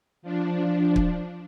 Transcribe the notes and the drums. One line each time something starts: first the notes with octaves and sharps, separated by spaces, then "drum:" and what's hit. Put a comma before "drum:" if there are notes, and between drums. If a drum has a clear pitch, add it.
F3 D4
drum: kick